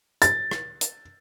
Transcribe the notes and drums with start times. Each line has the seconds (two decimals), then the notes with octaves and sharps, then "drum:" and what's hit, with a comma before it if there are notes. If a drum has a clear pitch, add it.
0.22 A6, drum: hi-hat
0.51 drum: rim click
0.81 drum: hi-hat